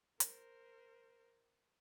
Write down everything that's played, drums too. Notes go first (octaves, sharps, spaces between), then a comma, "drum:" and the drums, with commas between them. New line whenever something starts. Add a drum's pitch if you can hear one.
A#4 C5, drum: hi-hat